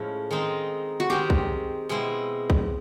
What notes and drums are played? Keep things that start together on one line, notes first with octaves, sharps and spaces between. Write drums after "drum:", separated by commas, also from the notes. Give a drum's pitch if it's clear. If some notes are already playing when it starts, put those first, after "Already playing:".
Already playing: A2 F3 G#3 C#4
D#3 G#3 C4 D#4
F#4
D#3 G#3 C4 D#4 G4
drum: kick B1
B2 G#3 C4 E4
drum: kick B1